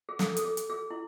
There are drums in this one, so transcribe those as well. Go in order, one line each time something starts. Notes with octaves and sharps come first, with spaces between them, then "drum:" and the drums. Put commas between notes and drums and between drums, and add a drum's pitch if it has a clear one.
G#4
A4, drum: snare
A4, drum: hi-hat
G#4
drum: hi-hat
G#4
E4